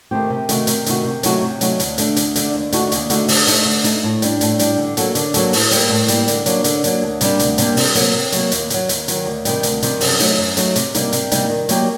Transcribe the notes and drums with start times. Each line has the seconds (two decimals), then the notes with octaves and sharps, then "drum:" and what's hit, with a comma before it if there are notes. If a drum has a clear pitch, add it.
0.11 D#3 A3 C4 G4
0.30 C3
0.49 D#3 A3 D#4 F#4, drum: hi-hat
0.67 C3, drum: hi-hat
0.86 D#3 A3 D#4 F#4, drum: hi-hat
1.04 C3
1.23 F#3 A3 D#4 F#4, drum: hi-hat
1.42 C3
1.61 F#3 A3 D#4 F#4, drum: hi-hat
1.80 D2, drum: hi-hat
1.98 D3 A3 D4, drum: hi-hat
2.16 D2, drum: hi-hat
2.36 D3 A3 D4, drum: hi-hat
2.54 D#2
2.72 D3 A3 D#4 F#4, drum: hi-hat
2.92 D#2, drum: hi-hat
3.10 D3 A3 D#4 F#4, drum: hi-hat
3.28 D3, drum: open hi-hat
3.47 A3 D#4, drum: hi-hat
3.65 D3
3.84 A3 D#4, drum: hi-hat
4.03 A2
4.22 G3 D4, drum: hi-hat
4.41 A2, drum: hi-hat
4.59 G3 D4, drum: hi-hat
4.78 D3
4.97 F#3 A#3 F#4 A4, drum: hi-hat
5.15 D3, drum: hi-hat
5.34 F#3 A#3 F#4 A4, drum: hi-hat
5.53 A2, drum: open hi-hat
5.71 G3 A#3, drum: hi-hat
5.90 A2
6.08 G3 A#3, drum: hi-hat
6.28 D3, drum: hi-hat
6.46 F#3 A#3 D4, drum: hi-hat
6.64 D3, drum: hi-hat
6.84 F#3 A#3 D4, drum: hi-hat
7.02 D2
7.21 C3 G3 A#3 D4, drum: hi-hat
7.39 D2, drum: hi-hat
7.58 C3 G3 A#3 D4, drum: hi-hat
7.77 C3, drum: open hi-hat
7.95 F#3 A#3, drum: hi-hat
8.14 C3
8.32 F#3 A#3, drum: hi-hat
8.52 D#2, drum: hi-hat
8.70 D#3, drum: hi-hat
8.74 F#3
8.89 D#2, drum: hi-hat
9.08 D#3 F#3, drum: hi-hat
9.26 D2
9.45 C3 D#3 G3, drum: hi-hat
9.63 D2, drum: hi-hat
9.83 C3 D#3 G3, drum: hi-hat
10.01 F#2, drum: open hi-hat
10.20 F#3 A3 D#4, drum: hi-hat
10.38 F#2
10.57 F#3 A3 D#4, drum: hi-hat
10.76 C3, drum: hi-hat
10.95 G3 A#3 D#4, drum: hi-hat
11.12 C3, drum: hi-hat
11.32 G3 A#3 D#4, drum: hi-hat
11.50 D#3
11.69 F#3 A#3 D#4 G4, drum: hi-hat